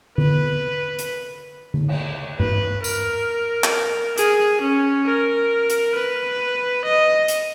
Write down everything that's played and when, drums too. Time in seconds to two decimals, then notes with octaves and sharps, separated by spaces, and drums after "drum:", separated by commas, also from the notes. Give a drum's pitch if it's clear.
0.18 B4, drum: tom D3
0.99 drum: hi-hat
1.74 drum: tom D3
1.88 drum: cymbal
2.40 B4, drum: tom G2
2.84 A#4, drum: tambourine
3.64 drum: clap
4.18 G#4, drum: hi-hat
4.62 C#4
5.06 A#4
5.70 drum: hi-hat
5.95 B4
6.85 D#5
7.28 drum: hi-hat